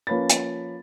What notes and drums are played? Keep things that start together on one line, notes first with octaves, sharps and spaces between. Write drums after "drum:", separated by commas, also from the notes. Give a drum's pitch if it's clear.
F3 A#3 C#4 B4 B5 A6
drum: hi-hat